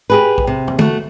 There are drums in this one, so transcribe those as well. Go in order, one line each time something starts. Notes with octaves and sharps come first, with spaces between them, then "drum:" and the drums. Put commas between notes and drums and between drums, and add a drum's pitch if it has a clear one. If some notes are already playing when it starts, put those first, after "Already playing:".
G4 G#4 B4
drum: kick
C3
drum: tom
A3 F#4, drum: tom